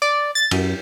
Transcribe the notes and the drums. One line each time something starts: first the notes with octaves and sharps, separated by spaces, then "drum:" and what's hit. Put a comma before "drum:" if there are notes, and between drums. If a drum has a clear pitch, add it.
D5
A6
F#2, drum: cymbal